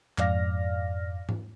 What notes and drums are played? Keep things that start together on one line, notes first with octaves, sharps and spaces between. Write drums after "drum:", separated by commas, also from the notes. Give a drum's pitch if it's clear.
F2 G#2 D5 F5 F6 A#6, drum: clap
drum: tom G#2